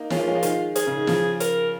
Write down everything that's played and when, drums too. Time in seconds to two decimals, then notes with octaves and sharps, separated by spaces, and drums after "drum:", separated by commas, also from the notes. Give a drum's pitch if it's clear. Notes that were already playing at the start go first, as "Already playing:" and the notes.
Already playing: A#3 D#4
0.10 G#3 C#4 F4, drum: snare
0.19 F3 A#3
0.27 G#3 C#4
0.35 F3 A#3
0.43 D#3 G#3, drum: hi-hat
0.75 G#4, drum: hi-hat
0.87 C#3
0.97 D#3
1.07 C#3 F3, drum: snare
1.40 A#4, drum: hi-hat